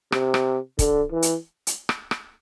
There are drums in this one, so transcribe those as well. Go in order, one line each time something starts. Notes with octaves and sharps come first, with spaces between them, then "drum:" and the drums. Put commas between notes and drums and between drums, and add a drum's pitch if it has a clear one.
C3, drum: rim click
drum: rim click
D3, drum: kick, hi-hat
E3
drum: hi-hat
drum: hi-hat
drum: rim click
drum: rim click